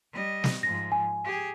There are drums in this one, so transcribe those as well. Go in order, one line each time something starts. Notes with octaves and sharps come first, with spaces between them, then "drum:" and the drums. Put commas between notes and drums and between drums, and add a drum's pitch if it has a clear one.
G3 D#5
drum: snare
G#2 F3 A#6
G#5
G4 G#4